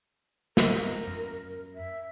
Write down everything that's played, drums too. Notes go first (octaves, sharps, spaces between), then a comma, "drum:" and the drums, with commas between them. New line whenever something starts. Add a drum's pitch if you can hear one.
A#4, drum: snare
F#2
E5